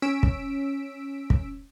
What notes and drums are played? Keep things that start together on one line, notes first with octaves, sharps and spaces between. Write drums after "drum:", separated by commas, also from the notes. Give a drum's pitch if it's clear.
C#4 E6 B6 D7
drum: kick
drum: kick